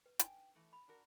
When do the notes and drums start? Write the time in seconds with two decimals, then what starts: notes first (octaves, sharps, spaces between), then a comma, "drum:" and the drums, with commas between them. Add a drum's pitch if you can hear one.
0.06 B4
0.19 D4 D#4 G5 G#5, drum: hi-hat
0.55 E3 A3
0.73 B5
0.88 D4 F#4 A#4